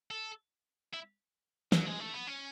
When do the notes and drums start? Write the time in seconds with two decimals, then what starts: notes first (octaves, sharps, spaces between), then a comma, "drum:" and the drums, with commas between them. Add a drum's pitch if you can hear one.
0.11 A4
0.94 E4
1.72 F#3, drum: snare
1.86 G#3
2.00 A3
2.13 B3
2.27 C#4